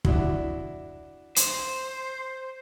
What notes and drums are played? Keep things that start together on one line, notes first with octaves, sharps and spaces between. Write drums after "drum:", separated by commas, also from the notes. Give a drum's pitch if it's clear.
D4 E4 F#4, drum: kick
C5, drum: hi-hat